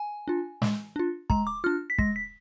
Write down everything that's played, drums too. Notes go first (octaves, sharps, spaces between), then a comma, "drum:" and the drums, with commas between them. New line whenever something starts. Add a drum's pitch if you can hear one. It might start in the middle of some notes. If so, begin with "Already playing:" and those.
Already playing: G#5
D4 F4
G#3, drum: snare
D4 F4
G#3 A#5, drum: kick
D6
D4 F4 F6
B6
G#3 A#6, drum: kick
B6